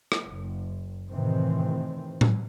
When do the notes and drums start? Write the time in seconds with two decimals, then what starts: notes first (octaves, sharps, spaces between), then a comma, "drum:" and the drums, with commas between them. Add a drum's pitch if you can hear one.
0.12 drum: rim click
0.28 F#1
1.10 A2 C3 D#3 E3 C4
2.21 drum: tom A2